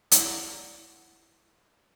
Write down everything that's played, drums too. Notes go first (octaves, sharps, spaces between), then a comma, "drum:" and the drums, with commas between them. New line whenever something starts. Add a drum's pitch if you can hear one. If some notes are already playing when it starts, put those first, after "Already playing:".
E4 G#4 D5 F#5, drum: hi-hat